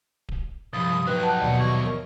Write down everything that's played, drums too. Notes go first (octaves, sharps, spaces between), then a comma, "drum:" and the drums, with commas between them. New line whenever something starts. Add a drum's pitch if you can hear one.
drum: kick D1
C2 G2 F3 D#6
F#3 D#4 B4 G5 F#6
F#5 A5
D#2 B2 D5 F#5
E3 C#6
A#4